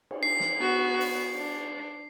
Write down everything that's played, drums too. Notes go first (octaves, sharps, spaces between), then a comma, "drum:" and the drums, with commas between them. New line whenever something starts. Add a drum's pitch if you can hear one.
drum: cymbal
C7
drum: snare
B3 F#4
drum: open hi-hat
D4